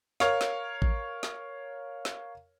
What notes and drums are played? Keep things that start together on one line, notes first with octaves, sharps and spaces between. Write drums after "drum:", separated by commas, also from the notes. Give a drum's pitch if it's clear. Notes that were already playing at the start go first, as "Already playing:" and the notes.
A#4 C#5 F5, drum: snare
drum: snare
drum: kick A1
drum: snare
drum: snare